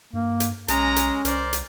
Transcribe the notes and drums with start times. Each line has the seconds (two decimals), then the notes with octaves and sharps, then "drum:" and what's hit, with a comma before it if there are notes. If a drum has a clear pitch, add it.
0.13 G2 A#3
0.40 drum: hi-hat
0.68 B1 G#3 C#4 A#5, drum: hi-hat
0.96 drum: hi-hat
1.25 C2 A#4 C5 D5, drum: hi-hat
1.53 drum: hi-hat